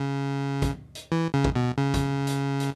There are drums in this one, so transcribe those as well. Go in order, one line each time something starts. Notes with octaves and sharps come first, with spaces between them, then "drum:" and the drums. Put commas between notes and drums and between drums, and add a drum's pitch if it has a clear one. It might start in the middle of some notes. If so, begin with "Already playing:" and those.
Already playing: C#3
drum: kick, hi-hat
drum: hi-hat
E3
C#3
drum: kick
B2
C#3
drum: kick, hi-hat
drum: hi-hat
drum: hi-hat